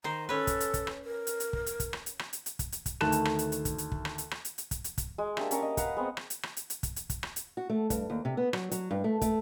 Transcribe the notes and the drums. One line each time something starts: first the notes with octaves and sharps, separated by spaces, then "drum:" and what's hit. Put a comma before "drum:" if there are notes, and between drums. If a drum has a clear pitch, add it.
D#3 C5 A#5
C#4 A4 B4
drum: kick, hi-hat
drum: hi-hat
drum: kick, hi-hat
drum: rim click
A#4
drum: hi-hat
drum: hi-hat
drum: kick
drum: hi-hat
drum: kick, hi-hat
drum: rim click
drum: hi-hat
drum: rim click
drum: hi-hat
drum: hi-hat
drum: kick, hi-hat
drum: hi-hat
drum: kick, hi-hat
D2 D#3 A3 A5 F#6 E7, drum: rim click
drum: hi-hat
drum: rim click
drum: hi-hat
drum: hi-hat
drum: kick, hi-hat
drum: hi-hat
drum: kick
drum: rim click
drum: hi-hat
drum: rim click
drum: hi-hat
drum: hi-hat
drum: kick, hi-hat
drum: hi-hat
drum: kick, hi-hat
G#3
A#3 D4 G4 E5, drum: rim click
C#4 A#4 C#6 D6, drum: hi-hat
D#5
B4 F5 F#5 A#5, drum: kick, hi-hat
G#3 B3 C4 C5
drum: rim click
drum: hi-hat
drum: rim click
drum: hi-hat
drum: hi-hat
drum: kick, hi-hat
drum: hi-hat
drum: kick, hi-hat
drum: rim click
drum: hi-hat
F#4
A3
G2, drum: kick, hi-hat
D#2
C3
B3
F#3, drum: rim click
F#3, drum: hi-hat
G2
A3
A3, drum: kick, hi-hat